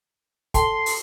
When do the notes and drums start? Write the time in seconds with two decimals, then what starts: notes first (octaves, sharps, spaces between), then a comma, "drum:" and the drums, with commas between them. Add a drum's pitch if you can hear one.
0.54 A4 G5 A5 C6, drum: kick, hi-hat
0.86 drum: open hi-hat